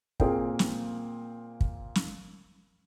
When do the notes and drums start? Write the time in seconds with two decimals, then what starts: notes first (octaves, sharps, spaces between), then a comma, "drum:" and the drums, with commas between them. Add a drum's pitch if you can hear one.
0.20 A#2 A#3 C4 G#4 F5 G5, drum: kick
0.59 drum: snare
1.61 drum: kick
1.95 drum: snare